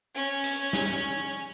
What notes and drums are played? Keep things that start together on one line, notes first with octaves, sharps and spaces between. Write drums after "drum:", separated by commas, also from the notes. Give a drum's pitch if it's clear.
C#4
drum: hi-hat
drum: snare